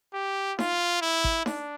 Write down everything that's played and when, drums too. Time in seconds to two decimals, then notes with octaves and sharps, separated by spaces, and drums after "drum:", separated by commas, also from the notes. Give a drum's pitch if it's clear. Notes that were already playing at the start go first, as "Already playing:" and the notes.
0.14 G4
0.59 F4, drum: snare D#4
1.02 E4
1.24 drum: kick
1.46 D4, drum: snare D#4